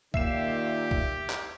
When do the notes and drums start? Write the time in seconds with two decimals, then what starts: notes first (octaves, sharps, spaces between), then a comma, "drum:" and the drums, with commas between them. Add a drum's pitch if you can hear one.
0.14 A#2 D#3 A#3 G4 E5 C7 E7, drum: kick
0.91 drum: kick
1.30 drum: clap